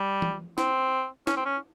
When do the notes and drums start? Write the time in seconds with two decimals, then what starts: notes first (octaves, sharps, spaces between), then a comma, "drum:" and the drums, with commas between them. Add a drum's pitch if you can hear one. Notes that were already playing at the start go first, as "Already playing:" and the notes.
Already playing: G3
0.22 drum: tom E3
0.58 C4, drum: snare
1.27 C#4, drum: snare
1.37 C4
1.46 C#4